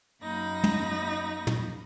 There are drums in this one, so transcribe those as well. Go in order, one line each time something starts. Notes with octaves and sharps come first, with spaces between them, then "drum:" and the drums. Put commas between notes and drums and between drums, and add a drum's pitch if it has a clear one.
F#2 A#3 D#4 B5 A#6
drum: tom
drum: tom